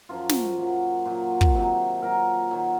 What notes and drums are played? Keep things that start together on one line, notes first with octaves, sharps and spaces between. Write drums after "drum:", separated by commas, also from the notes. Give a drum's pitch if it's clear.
F#2 F3 F4
drum: snare
A#2 F#3
A#2 F#3
drum: kick
C3 D#3 F#3
A#2 F#3 A#4
D#3 F#3